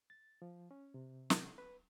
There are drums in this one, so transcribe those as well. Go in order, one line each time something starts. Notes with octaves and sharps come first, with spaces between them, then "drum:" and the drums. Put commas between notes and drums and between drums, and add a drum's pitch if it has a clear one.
A6
F3
C#4
C3
drum: snare
B4